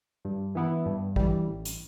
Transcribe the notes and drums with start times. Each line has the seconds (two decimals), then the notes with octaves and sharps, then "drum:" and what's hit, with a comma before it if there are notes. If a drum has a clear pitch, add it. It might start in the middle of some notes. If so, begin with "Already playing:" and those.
0.25 G2
0.55 E3 B3 E4
0.86 G2
1.16 E3 G3, drum: kick
1.45 A1
1.65 drum: hi-hat